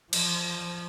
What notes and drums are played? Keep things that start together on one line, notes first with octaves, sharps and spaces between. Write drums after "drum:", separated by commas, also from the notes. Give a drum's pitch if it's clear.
F3, drum: cymbal